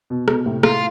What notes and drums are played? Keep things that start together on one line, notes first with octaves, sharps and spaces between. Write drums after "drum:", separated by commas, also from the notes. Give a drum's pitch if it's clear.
B2
B2, drum: rim click
A2 C3
A2 F4, drum: rim click